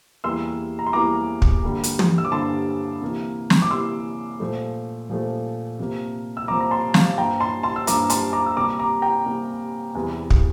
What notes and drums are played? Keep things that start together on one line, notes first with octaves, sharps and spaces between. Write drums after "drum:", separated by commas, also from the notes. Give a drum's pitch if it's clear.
E2 E3 G3 A#3 C6 E6
A#5
C6
E2 E3 G3 A#3 A#5 D6
drum: kick
G2 D3 G3 A#3
drum: hi-hat
drum: tom
E6
D6
G2 D3 G3 A#3 A5 C6
C3 E3 A#3
drum: snare
D6
C3 E3 A#3 C6 E6
A#2 F3 A3
A#2 F3 A3
C3 F3 A#3
E6
C3 F3 A#3 A#5 D6
A#5
A5 C6
F5 A5, drum: snare
G2 F3 A#3 G5 A#5
A5 C6
A5 C6
E6
G2 F3 A#3 A#5 D6, drum: hi-hat
A5 C6, drum: hi-hat
A#5 D6
E6
C3 G3 A#3 A#5 D6
A#5 D6
G5 A#5
C3 G3 A#3
E2 C3 E3 G3
drum: kick